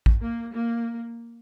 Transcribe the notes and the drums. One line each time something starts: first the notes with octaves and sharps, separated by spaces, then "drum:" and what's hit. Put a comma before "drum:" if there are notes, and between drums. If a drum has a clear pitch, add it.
drum: kick A1
A#3
A#3